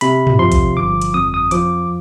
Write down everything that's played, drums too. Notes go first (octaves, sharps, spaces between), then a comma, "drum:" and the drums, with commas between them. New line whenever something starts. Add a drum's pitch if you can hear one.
C3 B5, drum: hi-hat
drum: tom
F3 C6
drum: kick A1, hi-hat
G1 D6
drum: hi-hat
F2 D#6
D#6
F3 D6, drum: hi-hat